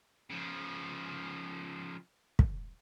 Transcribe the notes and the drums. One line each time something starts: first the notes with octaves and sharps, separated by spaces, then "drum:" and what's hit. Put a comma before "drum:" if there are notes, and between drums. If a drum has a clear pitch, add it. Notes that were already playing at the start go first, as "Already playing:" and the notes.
C#3 F3
drum: kick